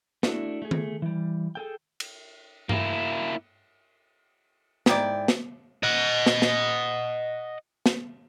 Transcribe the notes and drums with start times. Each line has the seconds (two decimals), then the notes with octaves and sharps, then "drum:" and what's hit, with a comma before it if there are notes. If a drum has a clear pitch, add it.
0.23 A3 D4 E4 F#4, drum: snare
0.62 A3 G#4
0.71 drum: tom D#3
1.02 E3 G3
1.55 G#4 A4 G5
2.00 drum: cymbal
2.69 A#3 E4, drum: tom G2
4.86 G#2 E4 D5 G5 D6, drum: snare
5.28 drum: snare
5.83 D#5 F#5
6.26 drum: snare
6.42 drum: snare
7.86 drum: snare